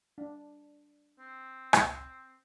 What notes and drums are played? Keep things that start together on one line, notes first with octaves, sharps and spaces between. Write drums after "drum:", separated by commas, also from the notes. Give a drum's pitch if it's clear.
D4
C4
drum: rim click